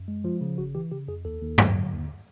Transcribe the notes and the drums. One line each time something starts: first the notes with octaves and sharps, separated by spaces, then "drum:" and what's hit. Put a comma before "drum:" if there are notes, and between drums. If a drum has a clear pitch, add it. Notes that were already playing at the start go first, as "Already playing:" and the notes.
Already playing: F#2
G#3
F3 F4
C#3
G1 F#4
E3 G4
C#3 G4
F2 G#4
D#2 A4
D#2
F#3, drum: tom G2
D3
D#2